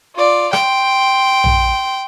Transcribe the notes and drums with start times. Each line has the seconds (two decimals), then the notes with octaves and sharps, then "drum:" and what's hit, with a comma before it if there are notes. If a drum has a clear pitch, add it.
0.16 F4 D5
0.53 G5 C6, drum: rim click
1.44 drum: tom A#1